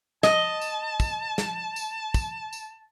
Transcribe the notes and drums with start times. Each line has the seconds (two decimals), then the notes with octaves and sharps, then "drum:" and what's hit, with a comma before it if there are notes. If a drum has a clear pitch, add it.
0.23 D#5 A5, drum: snare
0.62 drum: tambourine
1.00 drum: kick, tambourine
1.38 drum: snare
1.76 drum: tambourine
2.14 drum: kick, tambourine
2.53 drum: tambourine